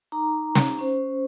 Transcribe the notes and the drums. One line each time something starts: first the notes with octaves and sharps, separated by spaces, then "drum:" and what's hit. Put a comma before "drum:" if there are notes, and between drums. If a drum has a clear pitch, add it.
D#4 A#5 D6
drum: snare
C#4 C5